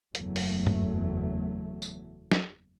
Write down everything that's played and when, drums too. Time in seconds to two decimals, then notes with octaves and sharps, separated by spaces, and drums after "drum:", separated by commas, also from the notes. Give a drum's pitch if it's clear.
0.15 F#1 E2 F#3 A3, drum: hi-hat
0.36 drum: open hi-hat
0.67 drum: tom G2
1.82 drum: tambourine
2.32 drum: snare